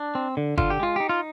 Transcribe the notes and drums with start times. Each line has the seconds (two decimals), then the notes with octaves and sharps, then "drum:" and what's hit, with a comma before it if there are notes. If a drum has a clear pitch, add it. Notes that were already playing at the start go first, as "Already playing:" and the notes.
Already playing: D4
0.15 C4
0.37 D3
0.58 D3 F4, drum: kick G1
0.70 G4
0.80 G#3 F4
0.96 D#4 G4
1.09 F4